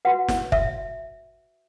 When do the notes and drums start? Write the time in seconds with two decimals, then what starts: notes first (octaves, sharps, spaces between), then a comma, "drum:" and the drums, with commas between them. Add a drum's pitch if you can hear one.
0.05 F#4 B4 F#5
0.28 drum: snare
0.52 E5, drum: kick